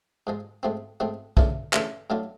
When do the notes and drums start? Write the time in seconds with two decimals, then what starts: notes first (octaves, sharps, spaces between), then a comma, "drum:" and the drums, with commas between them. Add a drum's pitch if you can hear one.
0.27 G#2 F3 G#3
0.63 G#2 F3 A3 C4
1.00 G#2 F3 A3 C4
1.37 C#3 E3 A3 D4 F4, drum: kick
1.73 C#3 E3 A3 D4 F4, drum: clap
2.10 A2 F#3 A3 D4 F4